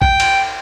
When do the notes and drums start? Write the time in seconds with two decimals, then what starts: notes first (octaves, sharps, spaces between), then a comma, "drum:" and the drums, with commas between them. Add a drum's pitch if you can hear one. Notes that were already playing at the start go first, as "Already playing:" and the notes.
0.02 G5, drum: kick A#1
0.20 drum: cymbal